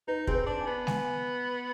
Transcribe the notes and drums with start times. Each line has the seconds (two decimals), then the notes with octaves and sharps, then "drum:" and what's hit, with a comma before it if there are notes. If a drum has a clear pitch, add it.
0.08 D#4 B4
0.27 C4 G#4, drum: kick
0.34 B4
0.46 D4
0.61 G#5
0.67 B3
0.87 G#5, drum: snare G#3